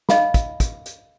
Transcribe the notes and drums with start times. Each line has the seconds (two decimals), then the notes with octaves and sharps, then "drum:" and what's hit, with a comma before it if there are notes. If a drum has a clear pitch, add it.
0.09 D#5 F5 B5, drum: snare
0.34 drum: kick, hi-hat
0.60 drum: kick, hi-hat
0.86 drum: hi-hat